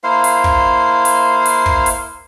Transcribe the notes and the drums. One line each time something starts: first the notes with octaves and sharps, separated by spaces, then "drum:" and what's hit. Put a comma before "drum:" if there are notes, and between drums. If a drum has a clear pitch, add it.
A#3 E4 C5 F5
drum: hi-hat
drum: kick
drum: hi-hat
drum: hi-hat
drum: kick
drum: hi-hat